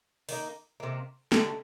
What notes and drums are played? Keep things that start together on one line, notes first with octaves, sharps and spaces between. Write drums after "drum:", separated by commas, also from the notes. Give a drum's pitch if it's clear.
D#3 A#3 D#4, drum: open hi-hat
C3 D#3 A#3
D3 A3 D#4 G4, drum: snare